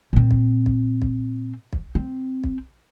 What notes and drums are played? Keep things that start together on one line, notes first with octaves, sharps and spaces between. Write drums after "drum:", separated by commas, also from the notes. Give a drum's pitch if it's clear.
A#2 C4
drum: kick
drum: kick
drum: kick
drum: kick
C4
drum: kick